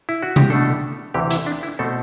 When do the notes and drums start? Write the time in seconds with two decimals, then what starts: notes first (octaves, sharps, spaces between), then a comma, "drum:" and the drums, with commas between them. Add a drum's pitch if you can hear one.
0.09 E4
0.23 F#4
0.36 G4, drum: tom C3
0.50 B2 A3 D4 A4
1.14 D2 C3 E3 G4
1.30 E4, drum: hi-hat
1.46 D4
1.63 E4
1.79 B2 A3 C4 A4